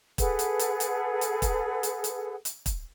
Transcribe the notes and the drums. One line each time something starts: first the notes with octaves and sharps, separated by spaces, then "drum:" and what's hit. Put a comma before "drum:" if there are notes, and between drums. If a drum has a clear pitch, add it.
G#4 A4 B4 F#5, drum: kick, hi-hat
drum: hi-hat
drum: hi-hat
drum: hi-hat
drum: hi-hat
drum: kick, hi-hat
drum: hi-hat
drum: hi-hat
drum: hi-hat
drum: kick, hi-hat